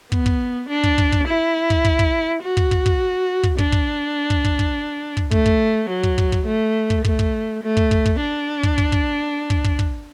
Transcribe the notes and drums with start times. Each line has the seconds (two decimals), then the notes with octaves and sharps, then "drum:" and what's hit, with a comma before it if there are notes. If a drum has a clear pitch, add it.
0.12 B3, drum: kick
0.26 drum: kick
0.69 D4
0.83 drum: kick
0.98 drum: kick
1.12 drum: kick
1.27 E4
1.70 drum: kick
1.85 drum: kick
1.99 drum: kick
2.42 F#4
2.57 drum: kick
2.71 drum: kick
2.86 drum: kick
3.43 drum: kick
3.58 D4, drum: kick
3.72 drum: kick
4.30 drum: kick
4.45 drum: kick
4.59 drum: kick
5.17 drum: kick
5.31 A3, drum: kick
5.46 drum: kick
5.89 F#3
6.03 drum: kick
6.18 drum: kick
6.32 drum: kick
6.46 A3
6.90 drum: kick
7.05 A3, drum: kick
7.19 drum: kick
7.63 A3
7.77 drum: kick
7.91 drum: kick
8.06 drum: kick
8.20 D4
8.63 drum: kick
8.78 drum: kick
8.92 drum: kick
9.50 drum: kick
9.64 drum: kick
9.79 drum: kick